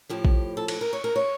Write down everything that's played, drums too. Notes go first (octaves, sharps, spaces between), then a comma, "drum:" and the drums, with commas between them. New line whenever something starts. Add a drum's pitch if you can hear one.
A2 F3 G4
drum: kick A#1
A4
A4, drum: cymbal
A#4
C#5
A#4
C#5